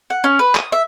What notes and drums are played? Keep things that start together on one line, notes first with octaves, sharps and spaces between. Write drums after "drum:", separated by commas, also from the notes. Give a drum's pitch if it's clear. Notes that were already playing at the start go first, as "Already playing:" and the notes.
F#5
C#4
B4
D#6, drum: clap
E5